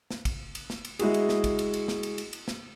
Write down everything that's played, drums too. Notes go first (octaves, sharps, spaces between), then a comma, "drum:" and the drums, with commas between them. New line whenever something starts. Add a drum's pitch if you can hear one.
drum: snare
drum: kick, cymbal
drum: cymbal
drum: snare
drum: cymbal
G#3 E4 F#4 G#4, drum: cymbal
drum: cymbal
drum: snare
drum: kick, cymbal
drum: cymbal
drum: cymbal
drum: snare
drum: cymbal
drum: cymbal
drum: cymbal
drum: snare